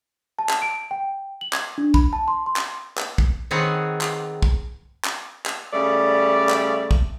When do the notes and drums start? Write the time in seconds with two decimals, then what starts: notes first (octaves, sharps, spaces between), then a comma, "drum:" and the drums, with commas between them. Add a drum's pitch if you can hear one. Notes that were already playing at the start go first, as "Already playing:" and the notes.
0.39 A5
0.49 drum: clap
0.62 D7
0.91 G5
1.41 F#7
1.53 G#6, drum: clap
1.78 D4
1.94 B5, drum: kick
2.13 A5
2.28 C6
2.46 C6
2.56 drum: clap
2.98 drum: clap
3.18 drum: kick
3.51 D#3 B3 C4 G#4 C#5 F#5
4.01 drum: clap
4.42 drum: kick
5.05 drum: clap
5.46 drum: clap
5.72 C#3 G3 A3 D5
6.49 drum: clap
6.91 drum: kick